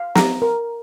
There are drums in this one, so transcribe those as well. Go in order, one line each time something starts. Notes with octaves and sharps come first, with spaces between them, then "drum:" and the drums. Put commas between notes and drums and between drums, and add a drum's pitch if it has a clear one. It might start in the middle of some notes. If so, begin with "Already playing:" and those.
Already playing: F5
A#5, drum: snare
A#4